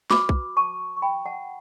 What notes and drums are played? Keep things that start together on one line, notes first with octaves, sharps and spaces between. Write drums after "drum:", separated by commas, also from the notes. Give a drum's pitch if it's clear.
F#4 B4 B5 D6, drum: snare
drum: kick B1
A5 C#6
C#6
G5 B5
F#5 A5